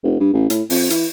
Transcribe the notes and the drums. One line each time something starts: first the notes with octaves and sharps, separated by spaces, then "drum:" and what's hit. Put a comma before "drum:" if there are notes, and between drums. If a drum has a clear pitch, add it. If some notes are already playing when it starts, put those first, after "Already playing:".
F1
G2
A1
A2, drum: hi-hat
F2, drum: open hi-hat
E3, drum: hi-hat